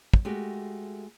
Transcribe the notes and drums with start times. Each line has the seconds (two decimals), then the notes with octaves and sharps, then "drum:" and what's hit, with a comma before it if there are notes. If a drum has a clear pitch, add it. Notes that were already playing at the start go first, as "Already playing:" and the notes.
0.14 drum: kick
0.25 G#3 A3 F#4 G4